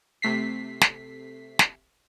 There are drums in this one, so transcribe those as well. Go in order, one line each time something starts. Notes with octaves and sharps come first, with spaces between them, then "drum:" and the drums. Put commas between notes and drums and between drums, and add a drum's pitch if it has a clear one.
C3 A3 B6 C7
drum: snare
drum: snare